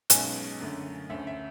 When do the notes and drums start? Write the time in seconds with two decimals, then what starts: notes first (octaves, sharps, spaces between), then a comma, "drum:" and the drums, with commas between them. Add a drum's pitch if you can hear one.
0.10 B1 B2 G#3 C#4 G#5, drum: hi-hat
0.60 F#2 D3 A3 C#4
1.10 D2 D3 A3 C#4 E5
1.27 E5